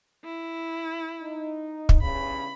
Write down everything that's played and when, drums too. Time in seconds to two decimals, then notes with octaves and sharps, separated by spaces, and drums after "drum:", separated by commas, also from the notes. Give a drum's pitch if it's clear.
0.24 E4
1.22 D#4
1.89 drum: kick
2.01 E2 G2 C#3 B5